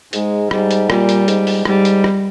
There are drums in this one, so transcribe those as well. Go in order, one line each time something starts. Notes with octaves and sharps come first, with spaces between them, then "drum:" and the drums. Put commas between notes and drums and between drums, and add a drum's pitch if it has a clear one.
G#2 G#3, drum: hi-hat
G#2 G3, drum: rim click
drum: hi-hat
A#2 G3, drum: rim click
drum: hi-hat
G#2, drum: hi-hat
drum: open hi-hat
G#2 G3, drum: rim click
drum: hi-hat
drum: rim click